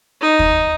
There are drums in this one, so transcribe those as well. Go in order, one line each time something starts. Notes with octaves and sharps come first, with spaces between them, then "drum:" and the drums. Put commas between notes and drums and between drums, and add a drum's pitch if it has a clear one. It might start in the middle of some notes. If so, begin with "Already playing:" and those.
D#4
drum: kick